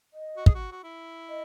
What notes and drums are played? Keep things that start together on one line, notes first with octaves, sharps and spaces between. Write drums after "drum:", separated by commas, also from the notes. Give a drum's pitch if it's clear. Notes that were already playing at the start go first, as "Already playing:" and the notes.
D#5
F#4
G#4, drum: kick
F#4
F#4
E4
D#5